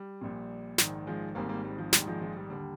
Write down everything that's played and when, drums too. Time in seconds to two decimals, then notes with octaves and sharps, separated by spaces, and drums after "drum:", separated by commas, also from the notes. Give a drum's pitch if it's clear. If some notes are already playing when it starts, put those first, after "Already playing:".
Already playing: G3
0.21 A#1 A#2
0.78 A#1 G#2 D#3, drum: snare
1.07 F3 G#3
1.35 G#1 G#2 D#3 G3 A#3
1.49 G3 A#3
1.64 G3
1.78 F3
1.93 A#1 G#2 D#3 G3, drum: snare
2.07 F3 G#3
2.21 F3 G#3
2.36 G3
2.49 D#2 D3 G3